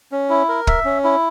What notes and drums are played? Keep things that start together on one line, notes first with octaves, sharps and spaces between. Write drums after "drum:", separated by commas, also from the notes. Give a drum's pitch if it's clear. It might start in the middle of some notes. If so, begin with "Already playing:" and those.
C#4
E4
A#4
E5, drum: kick
C#4
E4